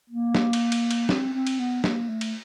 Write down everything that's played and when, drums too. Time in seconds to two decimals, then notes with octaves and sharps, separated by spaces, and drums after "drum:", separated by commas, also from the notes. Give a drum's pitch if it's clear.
0.10 A#3
0.35 drum: snare
0.53 drum: cymbal
0.72 drum: cymbal
0.91 drum: cymbal
1.09 C4, drum: snare
1.34 C4
1.47 drum: cymbal
1.59 B3
1.84 A#3, drum: snare
2.09 A3
2.21 drum: cymbal